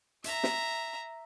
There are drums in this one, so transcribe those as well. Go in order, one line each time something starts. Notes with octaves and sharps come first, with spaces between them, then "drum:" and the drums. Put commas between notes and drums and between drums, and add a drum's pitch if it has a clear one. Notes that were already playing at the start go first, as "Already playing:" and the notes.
E5 A#5, drum: hi-hat
drum: snare